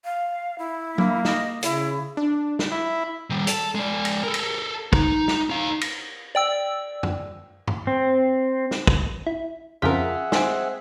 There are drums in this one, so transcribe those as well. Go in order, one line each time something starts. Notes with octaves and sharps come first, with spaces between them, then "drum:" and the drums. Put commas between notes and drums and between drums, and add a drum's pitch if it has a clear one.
F5
E4
A#3, drum: tom
D#5, drum: snare
C#3 E4, drum: hi-hat
D4
drum: snare
E4
D#3 G3
A4, drum: hi-hat
G#3 D5
drum: cymbal
A4 A#4
drum: cymbal
D#4, drum: kick
drum: snare
D#4 F5
drum: cymbal
D5 G5 E6
drum: tom
drum: tom
C4
drum: snare
drum: kick
E4
F2 C#3 F4 G#4 A#4 E5 F#5 B6
G#3 C4, drum: snare